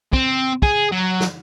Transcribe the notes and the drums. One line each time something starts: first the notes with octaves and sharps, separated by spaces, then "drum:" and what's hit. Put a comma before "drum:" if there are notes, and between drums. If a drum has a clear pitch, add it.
C4, drum: kick
G#4, drum: kick
F#3
drum: snare